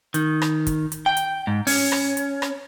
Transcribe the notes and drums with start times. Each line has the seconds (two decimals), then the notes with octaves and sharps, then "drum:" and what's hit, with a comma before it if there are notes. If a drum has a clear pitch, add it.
0.14 D#3, drum: hi-hat
0.42 drum: rim click
0.67 drum: kick, hi-hat
0.92 drum: hi-hat
1.06 G5
1.17 drum: hi-hat
1.47 G#2
1.67 C#4, drum: open hi-hat
1.92 drum: rim click
2.17 drum: hi-hat
2.42 drum: rim click